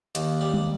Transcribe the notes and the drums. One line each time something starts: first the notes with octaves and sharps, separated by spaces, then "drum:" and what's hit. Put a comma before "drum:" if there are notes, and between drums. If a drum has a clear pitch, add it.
D#2, drum: hi-hat
G3
drum: tom